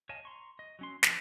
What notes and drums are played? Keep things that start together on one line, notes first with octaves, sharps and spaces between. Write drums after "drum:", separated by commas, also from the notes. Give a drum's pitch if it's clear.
C#5 D#5 F5 G#5 A5
A#5 C6 C#6
D#5
F#3 C#4 C6
F3 C6, drum: snare